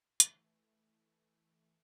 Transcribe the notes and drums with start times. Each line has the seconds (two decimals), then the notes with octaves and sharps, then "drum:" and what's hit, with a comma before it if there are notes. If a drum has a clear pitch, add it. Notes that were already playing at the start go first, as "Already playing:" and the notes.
0.20 E3 A3, drum: hi-hat